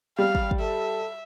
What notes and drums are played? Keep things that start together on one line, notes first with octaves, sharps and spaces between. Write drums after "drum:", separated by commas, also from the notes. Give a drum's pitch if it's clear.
G3 F5
drum: kick
drum: kick
A4 E5